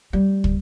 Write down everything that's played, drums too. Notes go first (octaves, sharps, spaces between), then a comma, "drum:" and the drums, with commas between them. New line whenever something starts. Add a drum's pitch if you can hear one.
G3
drum: kick